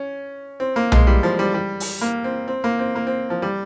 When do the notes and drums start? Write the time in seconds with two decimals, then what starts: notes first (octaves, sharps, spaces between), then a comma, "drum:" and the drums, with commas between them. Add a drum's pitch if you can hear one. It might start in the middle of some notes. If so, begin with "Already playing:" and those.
Already playing: C#4
0.60 C4
0.76 A#3
0.92 G#3, drum: tom B1
1.07 G3
1.23 F3
1.39 G3
1.54 G3
1.80 drum: open hi-hat
2.01 A#3
2.24 C4
2.48 C4
2.64 A#3
2.79 C4
2.95 A#3
3.07 C4
3.30 F3
3.42 G3